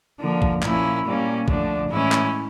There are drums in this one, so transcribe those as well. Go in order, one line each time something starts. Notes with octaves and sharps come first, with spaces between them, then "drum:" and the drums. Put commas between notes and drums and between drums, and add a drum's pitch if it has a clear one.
D3 F3 A#3
drum: kick A#1
A#2 F3 A#3 C#4 E4, drum: clap
A#2 G3 A#3 C#4
D3 F3 A3 D4, drum: kick A#1
A2 E3 G#3 C#4 E4
drum: clap